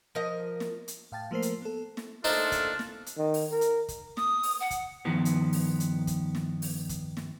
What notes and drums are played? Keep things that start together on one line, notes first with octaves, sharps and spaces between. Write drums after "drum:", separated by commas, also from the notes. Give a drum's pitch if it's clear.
F3 A#4 D#5
drum: snare
drum: hi-hat
A2 F5 G5 A5 A6
F3 A3 A#3 A#4 C5 C7
drum: hi-hat
B3 A4
drum: snare
A#2 A3 D4 D#4 F4 A4 C5, drum: open hi-hat
drum: kick, hi-hat
drum: snare
drum: hi-hat
D#3
drum: open hi-hat
A#4
drum: hi-hat
drum: kick, hi-hat
D#6, drum: snare
drum: open hi-hat
F#5
drum: kick, hi-hat
G2 D#3 F3 B3
drum: hi-hat
drum: open hi-hat
drum: hi-hat
drum: kick, hi-hat
drum: snare
drum: open hi-hat
drum: kick, hi-hat
drum: snare